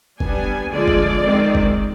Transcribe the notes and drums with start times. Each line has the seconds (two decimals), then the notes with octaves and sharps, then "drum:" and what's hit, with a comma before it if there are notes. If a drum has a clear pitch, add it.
0.20 G3 B3 D4 G#5, drum: kick
0.71 D3 F3 G#3 D5
0.88 drum: kick
1.22 D#3 G#3 C4
1.55 drum: kick